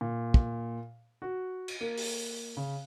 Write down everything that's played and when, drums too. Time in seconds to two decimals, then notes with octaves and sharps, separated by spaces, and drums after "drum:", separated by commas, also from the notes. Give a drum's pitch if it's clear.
0.01 A#2
0.34 drum: kick
1.22 F#4
1.68 drum: cymbal
1.81 A#3
1.98 drum: open hi-hat
2.57 C#3